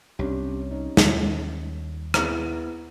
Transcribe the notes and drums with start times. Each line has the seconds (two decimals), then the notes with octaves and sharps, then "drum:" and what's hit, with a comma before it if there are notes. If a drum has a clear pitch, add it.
0.19 C2 C#4 D4 G4
0.71 C#4 D#4
0.97 D#2 G3 A#3, drum: snare
2.14 B3 E4 G#4, drum: rim click